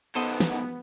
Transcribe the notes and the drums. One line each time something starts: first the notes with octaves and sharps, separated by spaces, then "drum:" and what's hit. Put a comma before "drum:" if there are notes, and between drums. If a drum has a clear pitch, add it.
B2 D#3 B3 A4 C5 D#5
drum: snare